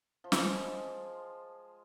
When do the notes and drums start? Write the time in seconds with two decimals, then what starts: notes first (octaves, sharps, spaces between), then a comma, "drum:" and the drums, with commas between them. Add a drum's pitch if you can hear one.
0.24 F3
0.32 G#3, drum: snare